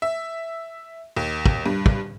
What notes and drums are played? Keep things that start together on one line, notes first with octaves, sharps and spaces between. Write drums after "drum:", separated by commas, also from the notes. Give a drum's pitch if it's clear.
E5
D#2
drum: kick
G2
drum: kick